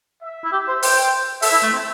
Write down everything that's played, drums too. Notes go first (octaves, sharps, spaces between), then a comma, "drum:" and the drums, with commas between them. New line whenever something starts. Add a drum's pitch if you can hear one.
E5
E4
G4
C5
C5 G5, drum: open hi-hat
A4 E5, drum: open hi-hat
E4
A3
C4